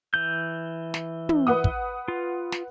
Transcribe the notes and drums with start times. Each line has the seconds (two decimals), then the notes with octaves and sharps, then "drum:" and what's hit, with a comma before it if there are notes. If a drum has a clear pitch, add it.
0.14 E3 G6
0.94 drum: snare
1.29 drum: tom
1.47 B4 F#5 D#6
1.64 drum: kick
2.08 F4
2.52 drum: snare